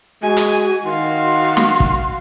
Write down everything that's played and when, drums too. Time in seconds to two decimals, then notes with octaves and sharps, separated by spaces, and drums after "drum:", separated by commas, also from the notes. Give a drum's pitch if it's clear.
0.23 G#3 F#4 G#5
0.37 drum: hi-hat
0.86 D#3 F#4 F5 C6
1.57 drum: snare
1.80 drum: kick